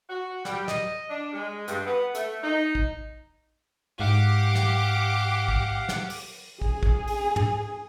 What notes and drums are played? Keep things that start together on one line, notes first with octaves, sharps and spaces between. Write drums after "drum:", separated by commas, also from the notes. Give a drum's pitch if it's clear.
F#4
G3, drum: snare
D#5, drum: snare
D4
G#3
G2, drum: hi-hat
B3
A3, drum: hi-hat
D#4
drum: kick
G#2 G4 F5 F#5 D6
drum: snare
drum: kick
drum: snare
drum: open hi-hat
G#4, drum: kick
drum: kick
drum: open hi-hat
drum: tom